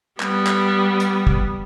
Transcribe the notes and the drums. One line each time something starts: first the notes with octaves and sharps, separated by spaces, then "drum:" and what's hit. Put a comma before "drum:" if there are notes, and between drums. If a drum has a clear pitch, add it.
G3 B3, drum: clap
drum: clap
drum: hi-hat
drum: kick